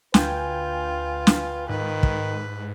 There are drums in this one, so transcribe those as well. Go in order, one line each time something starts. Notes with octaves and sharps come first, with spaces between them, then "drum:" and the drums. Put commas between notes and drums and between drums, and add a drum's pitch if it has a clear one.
D2 F4 B4 G5 G#5, drum: snare
drum: snare
G#2 D#3 B4
drum: kick